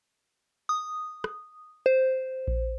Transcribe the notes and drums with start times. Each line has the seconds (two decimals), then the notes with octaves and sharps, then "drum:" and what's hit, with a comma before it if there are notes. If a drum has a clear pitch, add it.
0.69 D#6
1.24 drum: rim click
1.86 C5
2.48 drum: kick A#1